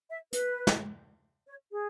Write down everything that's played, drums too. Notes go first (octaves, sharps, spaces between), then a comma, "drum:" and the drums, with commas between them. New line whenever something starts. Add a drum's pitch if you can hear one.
E5
B4, drum: hi-hat
drum: snare
C#5
G#4